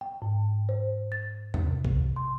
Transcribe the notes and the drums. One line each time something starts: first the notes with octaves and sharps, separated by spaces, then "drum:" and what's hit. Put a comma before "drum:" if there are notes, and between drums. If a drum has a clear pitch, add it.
G5
G#2
C5
A6
drum: tom E2
C3
drum: kick
C6